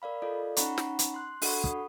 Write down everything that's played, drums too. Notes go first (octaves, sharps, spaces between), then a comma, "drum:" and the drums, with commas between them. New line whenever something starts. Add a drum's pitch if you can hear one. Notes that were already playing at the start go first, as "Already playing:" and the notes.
A#4 D5 F5 B5
F4 A4 D5 D#5 F5
C#4 D#4 F#5 A#5 B5 C#6, drum: hi-hat
drum: snare
drum: hi-hat
C6 F#6
D4 F#4 A4 F#5 B5 C#6, drum: open hi-hat
D#6, drum: kick